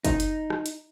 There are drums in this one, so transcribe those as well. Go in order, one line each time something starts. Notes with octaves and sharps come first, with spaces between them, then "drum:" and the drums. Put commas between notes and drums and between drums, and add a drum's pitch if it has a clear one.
D#4, drum: kick, hi-hat
drum: hi-hat
drum: rim click
drum: hi-hat